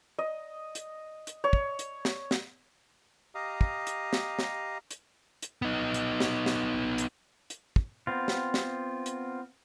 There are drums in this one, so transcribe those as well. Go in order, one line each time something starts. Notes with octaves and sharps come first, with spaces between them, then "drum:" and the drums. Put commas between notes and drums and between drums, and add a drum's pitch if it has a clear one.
D#5
drum: hi-hat
drum: hi-hat
C#5
drum: kick
drum: hi-hat
drum: snare
drum: snare
G4 D#5 F5 A#5 D#6
drum: kick
drum: hi-hat
drum: snare
drum: snare
drum: hi-hat
drum: hi-hat
B3 D#4
drum: hi-hat
drum: snare
drum: snare
drum: hi-hat
drum: hi-hat
drum: kick
B3 C4 F4
drum: snare
drum: snare
drum: hi-hat